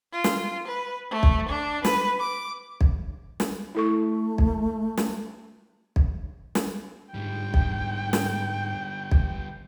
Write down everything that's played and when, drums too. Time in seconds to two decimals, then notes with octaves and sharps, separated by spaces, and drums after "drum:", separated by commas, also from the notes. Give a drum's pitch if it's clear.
0.13 F4
0.24 drum: snare
0.68 B4
1.10 A3
1.23 drum: kick B1
1.48 D4
1.85 B4, drum: snare
2.19 D6
2.81 drum: kick B1
3.40 drum: snare
3.75 A3 E4 A4 C#6
4.38 drum: kick B1
4.97 drum: snare
5.96 drum: kick B1
6.55 drum: snare
7.14 G#2 D3 G3 G5
7.54 drum: kick B1
8.13 drum: snare
9.11 drum: kick B1